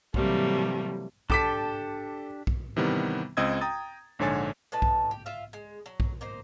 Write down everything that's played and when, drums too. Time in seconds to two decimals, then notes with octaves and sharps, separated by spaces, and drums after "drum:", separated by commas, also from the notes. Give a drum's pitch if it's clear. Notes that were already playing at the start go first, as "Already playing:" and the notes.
0.14 C3 E3 F#3 G3 A3 A#3, drum: kick B1
1.30 D4 G4 A4 A5 D6 B6, drum: kick B1
2.47 drum: kick B1
2.77 C3 D#3 E3 G3 B3
3.37 C#2 C4 D#5 D#6 E6 G#6
3.61 G5 A#5 D#6 A6
4.19 A#1 G#2 D3 C#5 G#5 A6
4.72 A2 B4 D#5 A5
4.82 drum: kick B1
5.11 G4
5.26 F4 E5 F5
5.53 G#3
5.86 F#3
6.00 drum: kick B1
6.21 A#3 D#4 C5